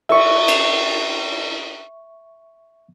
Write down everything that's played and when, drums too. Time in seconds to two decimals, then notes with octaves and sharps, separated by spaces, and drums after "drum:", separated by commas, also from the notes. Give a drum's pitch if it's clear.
0.09 E5 C#6, drum: cymbal
0.48 drum: cymbal